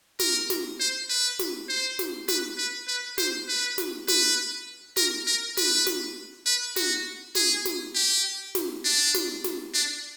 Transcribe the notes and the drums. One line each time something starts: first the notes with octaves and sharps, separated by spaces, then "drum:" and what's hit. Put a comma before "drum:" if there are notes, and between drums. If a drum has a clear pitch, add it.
A#4, drum: snare
drum: snare
C5
B4
drum: snare
C5
drum: snare
B4, drum: snare
B4
B4
C5, drum: snare
B4
drum: snare
B4, drum: snare
A#4, drum: snare
A#4
B4, drum: snare
drum: snare
B4
F#4, drum: snare
G#4, drum: snare
drum: snare
G4
drum: snare
D4
drum: snare
drum: snare
D4